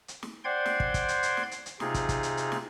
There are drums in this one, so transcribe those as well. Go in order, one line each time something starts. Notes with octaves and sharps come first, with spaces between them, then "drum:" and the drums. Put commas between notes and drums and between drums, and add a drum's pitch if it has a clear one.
drum: hi-hat
drum: snare
C5 D5 F#5 G5 C6 G#6
drum: snare
drum: kick
drum: kick, hi-hat
drum: hi-hat
drum: hi-hat
drum: snare
drum: hi-hat
drum: hi-hat
C3 D#4 F4 G#4, drum: snare
drum: kick, hi-hat
drum: kick, hi-hat
drum: hi-hat
drum: hi-hat
drum: snare